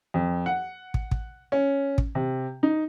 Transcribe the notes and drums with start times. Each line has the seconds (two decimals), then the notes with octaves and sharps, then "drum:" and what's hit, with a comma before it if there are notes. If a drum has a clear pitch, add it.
0.14 F2
0.46 F#5
0.94 drum: kick
1.11 drum: kick
1.52 C#4
1.98 drum: kick
2.15 C3
2.63 D#4